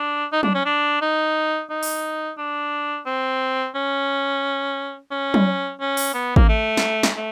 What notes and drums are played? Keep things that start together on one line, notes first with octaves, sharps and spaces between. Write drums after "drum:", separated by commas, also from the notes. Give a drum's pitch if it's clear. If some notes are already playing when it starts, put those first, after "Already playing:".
Already playing: D4
D#4
D4, drum: tom F#3
C#4
D4
D#4
D#4
drum: open hi-hat
D4
C4
C#4
C#4
drum: tom F#3
C#4
drum: open hi-hat
B3
A#3, drum: kick G#1
A3
drum: snare
drum: snare
A3